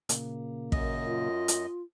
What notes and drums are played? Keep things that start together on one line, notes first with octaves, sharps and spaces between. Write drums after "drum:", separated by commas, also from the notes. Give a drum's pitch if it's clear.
A#2 C#3 A#3, drum: hi-hat
F#2 D#5, drum: kick
F4
drum: hi-hat